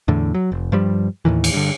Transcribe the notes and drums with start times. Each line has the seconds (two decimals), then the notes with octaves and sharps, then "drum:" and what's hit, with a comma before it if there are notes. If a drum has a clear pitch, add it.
0.08 E2 A2 D3
0.34 F#3
0.52 F1
0.72 G2 F3 G3
1.25 D#2 A2 D#3 E3
1.44 drum: cymbal
1.54 G2 D3